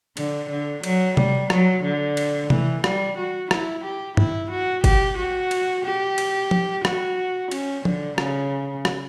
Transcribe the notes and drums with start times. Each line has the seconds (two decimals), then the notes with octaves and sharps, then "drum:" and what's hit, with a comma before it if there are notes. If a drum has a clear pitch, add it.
0.17 D3, drum: cymbal
0.50 D3
0.83 F#3, drum: cymbal
1.17 G3, drum: tom C3
1.50 F#3, drum: rim click
1.83 D3
2.17 drum: cymbal
2.50 E3, drum: tom C3
2.84 G3, drum: rim click
3.17 F#4
3.51 E4, drum: rim click
3.84 G4
4.17 E4, drum: tom G2
4.51 F#4
4.84 G4, drum: kick G1, cymbal
5.18 F#4
5.51 drum: cymbal
5.85 G4
6.18 drum: cymbal
6.51 drum: tom F3
6.85 F#4, drum: rim click
7.51 C#4, drum: cymbal
7.85 D3, drum: tom F3
8.18 C#3, drum: rim click
8.85 drum: rim click